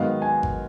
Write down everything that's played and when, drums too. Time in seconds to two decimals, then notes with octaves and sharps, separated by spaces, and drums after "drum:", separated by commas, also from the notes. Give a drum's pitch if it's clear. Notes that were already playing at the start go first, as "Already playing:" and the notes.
Already playing: G#2 D#3 F#3 B3 D#5 F5
0.22 G#5
0.43 drum: kick G#1